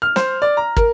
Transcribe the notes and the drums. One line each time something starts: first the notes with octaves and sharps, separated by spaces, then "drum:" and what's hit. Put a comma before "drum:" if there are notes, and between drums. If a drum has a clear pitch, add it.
F6
C5, drum: snare
D5
A#5
A#4, drum: kick